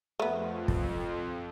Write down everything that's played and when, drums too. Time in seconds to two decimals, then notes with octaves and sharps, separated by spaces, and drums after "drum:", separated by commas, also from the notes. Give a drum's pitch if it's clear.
0.20 F2 A3 B3
0.68 drum: kick